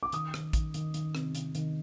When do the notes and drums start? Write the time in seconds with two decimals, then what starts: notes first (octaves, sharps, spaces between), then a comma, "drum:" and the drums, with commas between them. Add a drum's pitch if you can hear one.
0.03 D6
0.12 D#3 D#6, drum: hi-hat
0.34 D#3, drum: rim click
0.53 D#3, drum: kick A1, hi-hat
0.74 D#3, drum: hi-hat
0.94 D#3, drum: hi-hat
1.15 C3, drum: rim click
1.35 C3, drum: hi-hat
1.55 D#3, drum: hi-hat